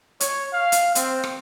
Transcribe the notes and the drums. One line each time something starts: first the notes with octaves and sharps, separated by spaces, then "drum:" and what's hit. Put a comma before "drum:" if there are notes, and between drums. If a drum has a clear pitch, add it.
C#5, drum: hi-hat
F5
drum: hi-hat
C4, drum: hi-hat
drum: rim click